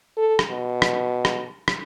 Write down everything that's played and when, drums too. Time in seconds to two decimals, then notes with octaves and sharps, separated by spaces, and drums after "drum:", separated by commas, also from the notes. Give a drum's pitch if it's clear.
0.18 A4
0.39 drum: rim click
0.50 B2
0.82 drum: rim click
1.25 drum: rim click
1.68 drum: rim click